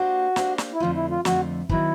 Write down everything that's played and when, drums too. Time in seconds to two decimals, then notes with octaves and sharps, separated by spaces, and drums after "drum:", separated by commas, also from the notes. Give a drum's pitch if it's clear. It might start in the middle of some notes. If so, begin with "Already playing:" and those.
Already playing: A#3 D4 F#4 G4 C5
0.36 A#3 D4 G4 C5, drum: snare
0.58 drum: snare
0.73 E4
0.80 F2 D3 F3 A3 F4
0.96 E4
1.10 F4
1.25 F2 D3 F3 A3 F#4, drum: snare
1.69 D#3 F#3 B3 E4, drum: kick